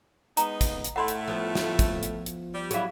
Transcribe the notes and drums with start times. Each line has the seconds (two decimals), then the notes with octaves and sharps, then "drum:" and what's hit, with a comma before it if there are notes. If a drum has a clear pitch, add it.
0.37 G#3 B3 D#4 A#5, drum: hi-hat
0.61 drum: kick, hi-hat
0.84 drum: hi-hat
0.96 A2 A3 F#5 B5 C6
1.08 drum: hi-hat
1.28 F3 B3 A4
1.55 drum: snare
1.79 drum: kick, hi-hat
2.03 drum: hi-hat
2.26 drum: hi-hat
2.54 G3
2.71 F#3 B3 E4 G#4 F5, drum: hi-hat